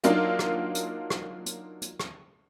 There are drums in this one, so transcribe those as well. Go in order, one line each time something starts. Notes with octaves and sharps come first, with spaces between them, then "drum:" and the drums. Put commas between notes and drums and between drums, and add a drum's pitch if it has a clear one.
F#3 A#3 D4 D#4 F4, drum: hi-hat
drum: rim click
drum: hi-hat
drum: rim click
drum: hi-hat
drum: hi-hat
drum: rim click